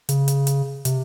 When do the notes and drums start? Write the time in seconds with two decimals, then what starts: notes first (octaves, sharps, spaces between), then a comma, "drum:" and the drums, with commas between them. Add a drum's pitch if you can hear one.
0.09 C#3, drum: hi-hat
0.28 drum: hi-hat
0.47 drum: hi-hat
0.85 C3, drum: hi-hat